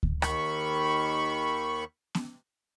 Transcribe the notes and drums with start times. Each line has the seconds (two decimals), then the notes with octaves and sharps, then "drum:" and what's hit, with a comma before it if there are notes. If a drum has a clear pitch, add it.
0.03 drum: kick D2
0.22 D#2 D#3 B5 C#6, drum: rim click
2.15 drum: snare B3